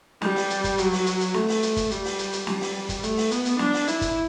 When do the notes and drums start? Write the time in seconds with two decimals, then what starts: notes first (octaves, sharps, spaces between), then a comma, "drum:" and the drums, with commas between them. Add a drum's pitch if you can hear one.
0.22 G3, drum: snare
0.36 drum: open hi-hat
0.50 drum: hi-hat
0.64 drum: kick, hi-hat
0.78 F#3, drum: hi-hat
0.92 drum: open hi-hat
1.06 drum: hi-hat
1.20 drum: hi-hat
1.34 A3, drum: snare
1.48 drum: open hi-hat
1.62 drum: hi-hat
1.77 drum: kick, hi-hat
1.91 G3, drum: hi-hat
2.05 drum: open hi-hat
2.19 drum: hi-hat
2.33 drum: hi-hat
2.47 G3, drum: snare
2.61 drum: open hi-hat
2.89 drum: kick, hi-hat
3.03 A3, drum: hi-hat
3.17 drum: open hi-hat
3.31 B3, drum: hi-hat
3.45 drum: hi-hat
3.59 D4, drum: snare
3.73 drum: open hi-hat
3.88 E4, drum: hi-hat
4.01 drum: kick, hi-hat